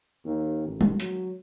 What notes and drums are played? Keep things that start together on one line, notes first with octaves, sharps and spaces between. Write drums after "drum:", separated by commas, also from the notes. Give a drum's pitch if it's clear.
D#2
A1
drum: tom
F#3, drum: hi-hat